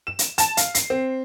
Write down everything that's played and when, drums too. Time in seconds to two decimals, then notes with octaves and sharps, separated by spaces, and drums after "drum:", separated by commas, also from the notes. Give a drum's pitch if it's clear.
0.07 E7
0.19 drum: hi-hat
0.38 A5, drum: hi-hat
0.57 F5, drum: hi-hat
0.75 C7, drum: hi-hat
0.90 C4